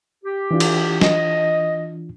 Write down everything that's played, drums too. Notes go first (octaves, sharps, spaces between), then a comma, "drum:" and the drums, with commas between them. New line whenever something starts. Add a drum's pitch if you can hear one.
G4
E3 D4 F4
drum: cymbal
D#5, drum: snare